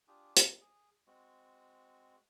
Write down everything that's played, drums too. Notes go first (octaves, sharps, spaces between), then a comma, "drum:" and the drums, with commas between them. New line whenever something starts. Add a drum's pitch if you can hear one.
D4 F4 G4 G#4
drum: hi-hat
G#4
G#3 C4 F#4